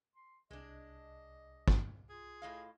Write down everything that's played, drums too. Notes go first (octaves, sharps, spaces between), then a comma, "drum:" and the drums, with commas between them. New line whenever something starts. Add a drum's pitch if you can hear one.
C6
C2 G#3 D4 D#5
drum: kick
F4 G#4
A2 D#5 F5